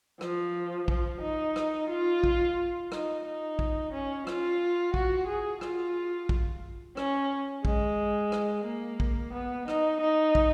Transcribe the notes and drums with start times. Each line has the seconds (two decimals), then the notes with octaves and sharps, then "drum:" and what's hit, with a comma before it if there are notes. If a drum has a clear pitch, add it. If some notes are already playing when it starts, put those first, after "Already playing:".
0.21 F3, drum: rim click
0.88 F3, drum: kick
1.22 D#4
1.56 drum: rim click
1.89 F4
2.24 drum: kick
2.92 D#4, drum: rim click
3.25 D#4
3.59 drum: kick
3.93 C#4
4.27 F4, drum: rim click
4.94 F#4, drum: kick
5.27 G#4
5.61 F4, drum: rim click
6.29 drum: kick
6.97 C#4, drum: rim click
7.65 G#3, drum: kick
8.32 drum: rim click
8.65 A#3
9.00 drum: kick
9.33 B3
9.68 D#4, drum: rim click
10.01 D#4
10.35 drum: kick